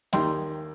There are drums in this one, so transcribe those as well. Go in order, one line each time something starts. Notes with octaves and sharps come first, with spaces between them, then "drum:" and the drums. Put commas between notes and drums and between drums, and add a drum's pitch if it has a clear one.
D#2 D#3 G3 G5 C6, drum: snare